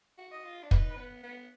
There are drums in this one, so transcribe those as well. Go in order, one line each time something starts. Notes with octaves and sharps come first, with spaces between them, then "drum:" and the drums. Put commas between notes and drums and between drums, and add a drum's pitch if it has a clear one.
F#4
D#5
F4
D4
D#4 B4, drum: kick
B3
B3